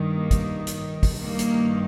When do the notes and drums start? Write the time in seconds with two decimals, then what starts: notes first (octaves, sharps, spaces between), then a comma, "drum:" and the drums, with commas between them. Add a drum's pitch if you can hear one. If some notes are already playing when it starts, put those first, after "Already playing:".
Already playing: G2 D#3
0.13 A#3
0.31 drum: kick, hi-hat
0.67 drum: hi-hat
1.03 drum: kick, open hi-hat
1.20 G2 D#3 A#3
1.39 drum: hi-hat